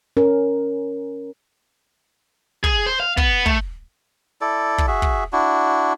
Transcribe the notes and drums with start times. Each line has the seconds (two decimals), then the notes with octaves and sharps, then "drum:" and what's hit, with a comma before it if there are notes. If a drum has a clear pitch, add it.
0.17 C#4 A#4
2.64 G#4, drum: kick
2.86 C5
3.00 F5
3.17 B3, drum: kick
3.46 A3, drum: kick
4.41 E4 A4 D5
4.78 drum: kick
4.87 F#4 G#4 E5
5.02 drum: kick
5.33 D4 E4 F#4